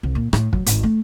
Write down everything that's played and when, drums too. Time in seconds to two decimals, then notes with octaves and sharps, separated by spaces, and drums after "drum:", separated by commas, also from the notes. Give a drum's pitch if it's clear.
0.03 C2
0.15 A#2
0.33 A2, drum: rim click
0.53 F#3, drum: kick
0.66 G#1, drum: hi-hat
0.83 A3